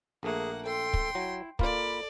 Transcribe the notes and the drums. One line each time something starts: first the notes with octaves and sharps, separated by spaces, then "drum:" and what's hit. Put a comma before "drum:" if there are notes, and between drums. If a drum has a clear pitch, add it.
A#1 A3 A#3 G#4 F#5
A4 G5 C6
drum: kick
F#3 E4
A#3 F4 A4 D5 B5, drum: kick